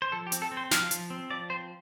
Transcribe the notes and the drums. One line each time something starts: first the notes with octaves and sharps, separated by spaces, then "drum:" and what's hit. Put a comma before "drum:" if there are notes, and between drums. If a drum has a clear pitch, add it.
C5
F3 A4
G4
C4, drum: hi-hat
A4
C4
C5
F3 F5, drum: snare
F3, drum: hi-hat
C4
F3 D5
C4 C5